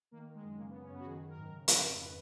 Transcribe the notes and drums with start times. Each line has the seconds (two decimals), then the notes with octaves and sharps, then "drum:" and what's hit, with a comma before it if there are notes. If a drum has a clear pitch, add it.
0.11 D#3 A#3
0.28 D#3
0.34 G#3
0.43 F#2
0.58 C#3 A#3
0.70 B3
0.74 C#3
0.82 C#4
0.90 F#2 B3
0.99 F#4
1.05 D#3 G#4
1.21 D#3
1.29 A#4
1.37 G#2
1.52 C#3
1.68 C#3, drum: hi-hat
1.83 F2
1.98 D#3 B4